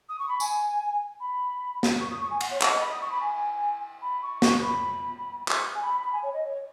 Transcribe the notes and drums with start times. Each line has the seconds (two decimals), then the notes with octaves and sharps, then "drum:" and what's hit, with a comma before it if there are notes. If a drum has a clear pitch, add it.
0.09 D#6
0.19 C#6
0.29 B5
0.40 G#5, drum: tambourine
1.20 B5
1.83 drum: snare
2.01 C#6
2.11 D#6
2.21 C#6
2.31 G#5
2.41 F#5, drum: cymbal
2.51 C#5
2.61 F#5, drum: clap
2.71 D#5
2.81 B5
2.91 D#6
3.01 C#6
3.11 B5
3.21 G#5
4.02 B5
4.22 C#6
4.42 C#6, drum: snare
4.62 B5
5.48 drum: clap
5.75 G#5
5.83 B5
6.03 B5
6.13 G#5
6.23 C#5
6.33 D#5
6.44 C#5